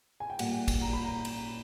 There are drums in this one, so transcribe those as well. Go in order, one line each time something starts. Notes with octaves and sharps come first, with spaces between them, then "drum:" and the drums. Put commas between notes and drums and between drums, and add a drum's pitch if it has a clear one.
G#5
G5
A#2 G3 F#5, drum: cymbal
drum: kick, cymbal
A#5
B5
A#5
drum: cymbal